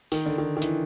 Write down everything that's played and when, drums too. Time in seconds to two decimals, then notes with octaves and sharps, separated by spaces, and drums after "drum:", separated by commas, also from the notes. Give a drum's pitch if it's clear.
0.12 D#3, drum: open hi-hat
0.26 D3
0.38 D#3
0.57 D#3
0.62 E3, drum: hi-hat